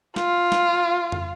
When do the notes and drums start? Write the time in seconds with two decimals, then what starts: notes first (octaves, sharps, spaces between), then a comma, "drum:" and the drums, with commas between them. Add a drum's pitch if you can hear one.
0.16 F4, drum: snare
0.52 drum: snare
1.12 drum: tom